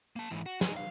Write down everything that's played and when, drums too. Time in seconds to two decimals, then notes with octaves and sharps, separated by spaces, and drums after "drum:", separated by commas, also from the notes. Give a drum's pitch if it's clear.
0.16 A#3 A5
0.30 G#2 E3
0.46 F#4
0.61 D#4 G#4, drum: snare
0.77 F5